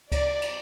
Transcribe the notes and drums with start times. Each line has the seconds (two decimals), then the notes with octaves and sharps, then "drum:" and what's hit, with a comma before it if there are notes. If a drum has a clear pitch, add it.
0.12 D5, drum: kick C#2, cymbal
0.42 drum: cymbal